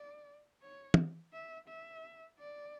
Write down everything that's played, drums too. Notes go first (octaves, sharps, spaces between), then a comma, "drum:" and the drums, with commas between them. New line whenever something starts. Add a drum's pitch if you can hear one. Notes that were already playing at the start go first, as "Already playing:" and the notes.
Already playing: D5
C#5
drum: tom
E5
E5
D5